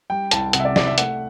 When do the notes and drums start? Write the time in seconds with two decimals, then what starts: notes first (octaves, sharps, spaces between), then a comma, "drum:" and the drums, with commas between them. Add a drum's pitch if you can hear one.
0.10 G3 G5
0.31 C2 A5, drum: hi-hat
0.53 C3 F#5, drum: hi-hat
0.60 E5
0.65 D5
0.76 C2 D5, drum: snare
0.87 E5
0.98 A3 F#5, drum: hi-hat